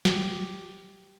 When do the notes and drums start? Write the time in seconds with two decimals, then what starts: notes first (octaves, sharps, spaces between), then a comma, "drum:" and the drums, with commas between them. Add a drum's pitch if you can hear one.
0.05 G4, drum: snare